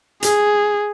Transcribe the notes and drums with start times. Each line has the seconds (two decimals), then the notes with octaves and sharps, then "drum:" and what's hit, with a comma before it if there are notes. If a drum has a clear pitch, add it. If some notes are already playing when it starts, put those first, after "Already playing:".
0.23 G#4, drum: hi-hat